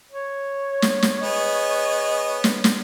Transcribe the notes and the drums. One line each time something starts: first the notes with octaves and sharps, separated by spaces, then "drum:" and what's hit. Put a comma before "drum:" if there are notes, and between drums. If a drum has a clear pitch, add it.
C#5
drum: snare
drum: snare
B3 G#4 D#5
drum: snare
drum: snare